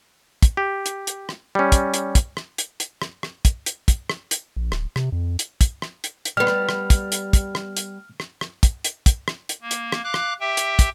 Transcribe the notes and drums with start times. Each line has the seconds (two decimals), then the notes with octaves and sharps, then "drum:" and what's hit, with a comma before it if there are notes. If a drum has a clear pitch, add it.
0.42 drum: kick, hi-hat
0.57 G4
0.86 drum: hi-hat
1.07 drum: hi-hat
1.29 drum: rim click
1.55 G3 C#4
1.72 drum: kick, hi-hat
1.94 drum: hi-hat
2.15 drum: kick, hi-hat
2.37 drum: rim click
2.58 drum: hi-hat
2.80 drum: hi-hat
3.02 drum: rim click
3.23 drum: rim click
3.45 drum: kick, hi-hat
3.66 drum: hi-hat
3.88 drum: kick, hi-hat
4.10 drum: rim click
4.31 drum: hi-hat
4.56 A#1
4.72 D1, drum: rim click
4.96 C3, drum: rim click
5.12 F2
5.39 drum: hi-hat
5.61 drum: kick, hi-hat
5.82 drum: rim click
6.04 drum: hi-hat
6.25 drum: hi-hat
6.37 G3 B3 F6
6.47 drum: rim click
6.69 drum: rim click
6.90 drum: kick, hi-hat
7.12 drum: hi-hat
7.33 drum: kick, hi-hat
7.55 drum: rim click
7.77 drum: hi-hat
8.20 drum: rim click
8.41 drum: rim click
8.63 drum: kick, hi-hat
8.84 drum: hi-hat
9.06 drum: kick, hi-hat
9.28 drum: rim click
9.49 drum: hi-hat
9.62 A#3
9.71 drum: hi-hat
9.92 drum: rim click
10.04 F5 D6 F#6
10.14 drum: rim click
10.40 G4 E5 G5
10.57 drum: hi-hat
10.79 drum: kick, hi-hat